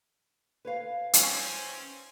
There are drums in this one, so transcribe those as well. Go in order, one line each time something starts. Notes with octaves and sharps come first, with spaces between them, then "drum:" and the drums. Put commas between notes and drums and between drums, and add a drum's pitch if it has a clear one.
B4 C#5 F5
C4 C#4, drum: hi-hat